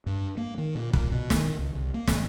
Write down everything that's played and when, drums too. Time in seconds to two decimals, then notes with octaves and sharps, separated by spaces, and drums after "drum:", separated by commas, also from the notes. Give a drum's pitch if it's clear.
0.06 G2
0.37 A#3
0.58 D#3
0.75 A#2
0.93 A#2, drum: kick
1.12 B2
1.30 D#3, drum: snare
1.59 C#2
1.75 C2
1.94 A#3
2.08 A1, drum: snare